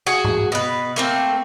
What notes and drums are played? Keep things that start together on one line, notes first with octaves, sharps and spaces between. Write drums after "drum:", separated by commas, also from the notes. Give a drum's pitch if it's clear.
F#4 G#4
drum: tom G#2
B2 B4
A3 A#3 C4